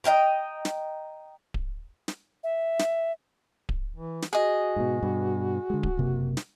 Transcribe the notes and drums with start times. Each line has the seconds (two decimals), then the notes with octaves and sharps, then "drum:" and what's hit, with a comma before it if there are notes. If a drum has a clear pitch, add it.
0.04 D#5 F5 G5 A#5
0.65 drum: snare
1.54 drum: kick D1
2.08 drum: snare
2.44 E5
2.79 drum: snare
3.69 drum: kick D1
3.95 E3
4.22 drum: snare
4.33 F#4 G#4 D#5
4.76 G#2 B2
5.03 G2 B2
5.70 D3 G#3
5.83 drum: kick D1
5.97 F#1 C3 A#3
6.37 drum: snare